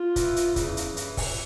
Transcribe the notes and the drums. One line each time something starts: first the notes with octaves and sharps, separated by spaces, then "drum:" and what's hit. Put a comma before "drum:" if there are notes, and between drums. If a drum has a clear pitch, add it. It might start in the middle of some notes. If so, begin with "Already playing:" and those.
Already playing: F4
G2 E3, drum: kick C#1, hi-hat
drum: hi-hat
E2 C#3 E3, drum: kick C#1, hi-hat
drum: hi-hat
G2 E3, drum: hi-hat
drum: kick C#1, open hi-hat